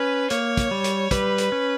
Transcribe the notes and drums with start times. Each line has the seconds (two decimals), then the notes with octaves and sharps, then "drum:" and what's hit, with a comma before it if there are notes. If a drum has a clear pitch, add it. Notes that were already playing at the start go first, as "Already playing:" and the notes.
Already playing: C#4 B4
0.30 A#3 C#5, drum: hi-hat
0.57 drum: kick, hi-hat
0.71 G3
0.84 drum: hi-hat
1.11 G3 B4, drum: kick, hi-hat
1.38 drum: hi-hat
1.52 C#4